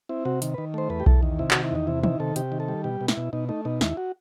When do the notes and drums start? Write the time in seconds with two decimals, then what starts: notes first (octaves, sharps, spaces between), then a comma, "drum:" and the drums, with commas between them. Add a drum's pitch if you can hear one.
0.09 C4 E4
0.25 C3 F#4
0.42 D#3, drum: hi-hat
0.54 D#3 B4
0.74 A3 C5
0.90 E2 B4
1.00 G4
1.06 E2 A4, drum: kick B1
1.23 D#3
1.39 C3 E4
1.51 D#3 F#4, drum: clap
1.63 E4
1.71 E2 D#4
1.87 C3 E4
2.03 D#3 E4, drum: tom
2.20 C3 A4
2.36 C3 G4, drum: hi-hat
2.52 D#3
2.60 A4
2.68 G3
2.84 B2 G4
3.01 B2
3.08 E4, drum: snare
3.17 B2
3.33 B2 D#4
3.49 A3 D#4
3.65 B2 D#4
3.81 D#2 E4, drum: snare
3.97 F#4